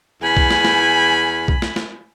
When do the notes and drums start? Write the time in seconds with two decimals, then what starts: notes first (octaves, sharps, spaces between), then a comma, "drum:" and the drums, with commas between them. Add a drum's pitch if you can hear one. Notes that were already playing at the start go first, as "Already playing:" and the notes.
0.23 E2 G#5 B5
0.37 drum: kick
0.51 drum: snare
0.65 drum: snare
1.48 drum: kick
1.62 drum: snare
1.76 drum: snare